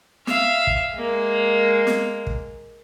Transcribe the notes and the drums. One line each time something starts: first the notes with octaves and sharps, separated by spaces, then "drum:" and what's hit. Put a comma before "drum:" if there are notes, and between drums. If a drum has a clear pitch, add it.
E5 F5, drum: snare
drum: kick
G#3 A#3
drum: snare
drum: kick